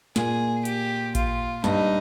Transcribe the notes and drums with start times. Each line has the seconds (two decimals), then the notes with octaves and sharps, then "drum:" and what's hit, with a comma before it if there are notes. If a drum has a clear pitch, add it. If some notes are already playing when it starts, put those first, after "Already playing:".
0.16 A#2 G#4, drum: snare
0.65 G4, drum: hi-hat
1.15 F4, drum: kick A1, hi-hat
1.64 G2 D#4, drum: snare